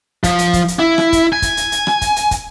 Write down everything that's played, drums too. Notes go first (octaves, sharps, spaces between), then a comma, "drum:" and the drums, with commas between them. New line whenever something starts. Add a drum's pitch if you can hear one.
F3, drum: kick, hi-hat
drum: hi-hat
drum: kick, hi-hat
drum: hi-hat
E4
drum: rim click
drum: kick, hi-hat
G#5
drum: kick, hi-hat
drum: hi-hat
drum: hi-hat
drum: rim click
drum: kick, hi-hat
drum: hi-hat
drum: kick, hi-hat